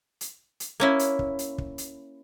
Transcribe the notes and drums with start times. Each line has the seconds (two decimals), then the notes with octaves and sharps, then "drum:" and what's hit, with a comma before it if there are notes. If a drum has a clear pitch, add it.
0.21 drum: hi-hat
0.60 drum: hi-hat
0.80 A#3 C#4 E4
0.99 drum: hi-hat
1.19 drum: kick
1.39 drum: hi-hat
1.58 drum: kick
1.78 drum: hi-hat